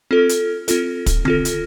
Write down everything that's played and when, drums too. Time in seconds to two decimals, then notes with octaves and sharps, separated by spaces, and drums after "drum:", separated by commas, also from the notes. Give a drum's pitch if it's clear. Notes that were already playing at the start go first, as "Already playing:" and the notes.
0.11 C4 F4 A4
0.29 drum: hi-hat
0.68 C4 F4 A4, drum: hi-hat
1.06 drum: kick, hi-hat
1.25 C4 F4 A4, drum: tom D3
1.45 drum: hi-hat